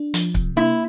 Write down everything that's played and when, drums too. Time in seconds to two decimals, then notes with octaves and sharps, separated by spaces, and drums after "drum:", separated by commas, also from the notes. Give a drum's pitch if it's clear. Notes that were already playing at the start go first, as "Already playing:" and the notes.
Already playing: D4
0.14 F3, drum: hi-hat
0.35 C3, drum: kick C#1
0.56 A#3 E4